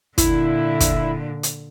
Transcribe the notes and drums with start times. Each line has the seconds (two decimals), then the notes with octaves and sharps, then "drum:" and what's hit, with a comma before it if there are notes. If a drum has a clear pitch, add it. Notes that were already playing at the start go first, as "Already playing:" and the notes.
0.18 A#2 D3 E4, drum: kick, hi-hat
0.80 drum: kick, hi-hat
1.43 drum: hi-hat